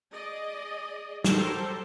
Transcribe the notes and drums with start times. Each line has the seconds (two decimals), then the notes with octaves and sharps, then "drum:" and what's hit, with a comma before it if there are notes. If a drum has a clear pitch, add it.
0.13 G#4 D5 D#5
1.24 F#3 G3 G4 A4 A#4 C5, drum: snare